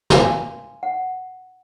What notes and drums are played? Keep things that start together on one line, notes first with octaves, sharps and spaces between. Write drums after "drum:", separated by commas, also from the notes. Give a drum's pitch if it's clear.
F5 G#5 C6, drum: snare
F#5